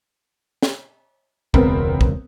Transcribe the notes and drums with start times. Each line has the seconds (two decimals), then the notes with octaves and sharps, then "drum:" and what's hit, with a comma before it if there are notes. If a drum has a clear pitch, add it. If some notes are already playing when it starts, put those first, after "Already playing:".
0.63 drum: snare
1.54 E1 C#2 B3 C4 A#4, drum: kick
2.01 drum: kick